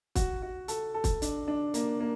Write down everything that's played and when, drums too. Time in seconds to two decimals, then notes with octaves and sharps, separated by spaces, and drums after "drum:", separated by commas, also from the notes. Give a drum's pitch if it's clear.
0.15 F#4, drum: kick, hi-hat
0.42 F#4
0.68 A4, drum: hi-hat
0.94 A4
1.04 drum: kick, hi-hat
1.22 D4, drum: hi-hat
1.48 D4
1.74 A#3, drum: hi-hat
2.00 A#3